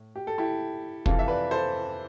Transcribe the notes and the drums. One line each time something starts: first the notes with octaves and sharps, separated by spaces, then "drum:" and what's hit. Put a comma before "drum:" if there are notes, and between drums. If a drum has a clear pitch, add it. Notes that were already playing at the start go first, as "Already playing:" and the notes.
Already playing: A2
G4
A4
E4 G4
F2 C3 E3 F4 A4, drum: kick
E5
B4 D5
A4 C5